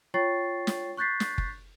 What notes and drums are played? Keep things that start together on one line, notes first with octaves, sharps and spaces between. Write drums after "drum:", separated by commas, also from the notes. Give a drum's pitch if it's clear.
F4 C#5 G5 C#6 A6 C7
drum: snare
C#6 F#6 G6 A6 B6 C7
drum: snare
drum: kick